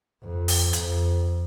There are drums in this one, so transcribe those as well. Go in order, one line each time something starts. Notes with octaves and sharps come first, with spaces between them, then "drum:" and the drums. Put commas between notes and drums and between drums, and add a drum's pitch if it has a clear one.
F2
drum: open hi-hat
F2, drum: hi-hat